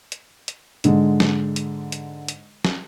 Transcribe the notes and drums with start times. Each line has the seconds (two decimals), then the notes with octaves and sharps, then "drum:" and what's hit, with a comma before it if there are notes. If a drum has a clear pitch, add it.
0.12 drum: hi-hat
0.48 drum: hi-hat
0.84 G#2 D3 G#3, drum: hi-hat
1.20 drum: snare
1.56 drum: hi-hat
1.92 drum: hi-hat
2.28 drum: hi-hat
2.65 drum: snare